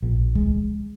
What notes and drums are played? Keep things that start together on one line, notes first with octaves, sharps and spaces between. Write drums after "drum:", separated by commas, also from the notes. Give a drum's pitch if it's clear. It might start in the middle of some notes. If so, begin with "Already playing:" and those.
A#1
G#3, drum: kick C#2